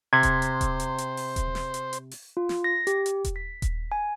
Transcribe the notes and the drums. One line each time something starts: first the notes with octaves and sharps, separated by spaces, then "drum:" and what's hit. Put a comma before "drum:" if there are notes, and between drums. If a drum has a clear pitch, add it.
C3 C5 G#6
drum: kick D#1, hi-hat
drum: hi-hat
drum: kick D#1, hi-hat
drum: hi-hat
drum: hi-hat
drum: open hi-hat
drum: kick D#1, hi-hat
drum: snare
drum: hi-hat
drum: hi-hat
drum: open hi-hat
F4
drum: snare
A#6
G4, drum: hi-hat
drum: hi-hat
drum: kick D#1, hi-hat
B6
drum: kick D#1, hi-hat
G#5